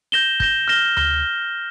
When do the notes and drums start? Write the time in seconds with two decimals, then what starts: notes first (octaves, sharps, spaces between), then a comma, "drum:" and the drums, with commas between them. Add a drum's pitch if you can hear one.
0.12 G6 A#6 E7 G7
0.40 G6 A#6 E7 G7, drum: kick
0.68 F6 A#6 E7 G7
0.97 F6 A#6 E7 G7, drum: tom D2